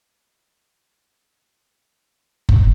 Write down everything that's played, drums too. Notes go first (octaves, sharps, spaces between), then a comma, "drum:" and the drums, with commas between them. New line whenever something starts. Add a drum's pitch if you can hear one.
A#3 C#4 D#5
drum: kick F#1